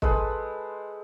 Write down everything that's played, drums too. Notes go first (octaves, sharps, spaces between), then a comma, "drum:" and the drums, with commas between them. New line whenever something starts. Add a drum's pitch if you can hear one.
G#3 A4 B4 C5, drum: kick